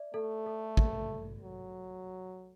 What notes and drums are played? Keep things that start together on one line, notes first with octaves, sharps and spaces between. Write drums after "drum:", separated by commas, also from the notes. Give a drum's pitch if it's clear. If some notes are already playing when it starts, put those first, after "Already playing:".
Already playing: D5 E5
A3 A4
A4
drum: kick
F#3